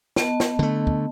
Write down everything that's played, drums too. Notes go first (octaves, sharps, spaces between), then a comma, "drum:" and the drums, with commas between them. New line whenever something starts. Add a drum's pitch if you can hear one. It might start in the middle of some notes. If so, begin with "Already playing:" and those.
B3 D#5 A5, drum: snare
drum: snare
D3 A3
drum: kick